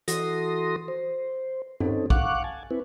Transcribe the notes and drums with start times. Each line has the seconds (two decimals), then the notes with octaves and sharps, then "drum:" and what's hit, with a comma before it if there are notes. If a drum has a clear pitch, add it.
0.08 E3 F#4 A4 C6 D#6 A#6, drum: hi-hat
0.88 C5
1.80 C4 C#4 D#4 A4, drum: tom G2
2.10 F5 F#5 C#6 D6 F#6, drum: kick
2.44 G#5 A5
2.71 C4 E4 B4